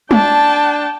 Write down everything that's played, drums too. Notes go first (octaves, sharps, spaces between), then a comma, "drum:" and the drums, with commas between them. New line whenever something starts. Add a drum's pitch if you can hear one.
D4 G5 A5, drum: tom G3